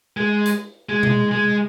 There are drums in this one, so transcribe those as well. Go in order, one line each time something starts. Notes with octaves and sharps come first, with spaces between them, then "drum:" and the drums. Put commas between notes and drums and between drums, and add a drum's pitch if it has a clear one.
G#3
drum: hi-hat
G#3
drum: tom B2
G#3